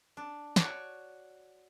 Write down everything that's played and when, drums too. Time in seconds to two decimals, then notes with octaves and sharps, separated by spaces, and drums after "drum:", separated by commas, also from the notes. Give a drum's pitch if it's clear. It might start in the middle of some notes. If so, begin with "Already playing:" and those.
0.17 D4
0.56 F#4 C#5 D5, drum: snare